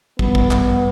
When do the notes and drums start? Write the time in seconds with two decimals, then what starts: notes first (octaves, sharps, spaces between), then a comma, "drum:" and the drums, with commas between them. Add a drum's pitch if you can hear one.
0.19 G2 G3 B3, drum: kick
0.35 drum: kick
0.51 B3, drum: clap